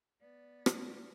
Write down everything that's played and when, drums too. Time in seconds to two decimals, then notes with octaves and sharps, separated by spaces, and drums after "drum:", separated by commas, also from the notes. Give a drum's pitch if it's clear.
0.21 B3 D5
0.66 drum: rim click